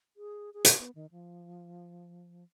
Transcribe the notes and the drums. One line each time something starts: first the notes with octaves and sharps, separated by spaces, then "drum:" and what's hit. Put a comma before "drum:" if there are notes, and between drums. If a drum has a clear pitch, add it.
G#4
G#4
G4, drum: hi-hat
B3
D#3
F3